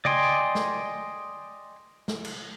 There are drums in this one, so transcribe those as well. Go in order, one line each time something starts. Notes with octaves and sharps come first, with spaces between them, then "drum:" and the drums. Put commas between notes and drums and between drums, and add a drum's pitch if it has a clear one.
D5 D#5 G5 G#5 C6, drum: tom C#3
drum: snare
drum: snare
drum: cymbal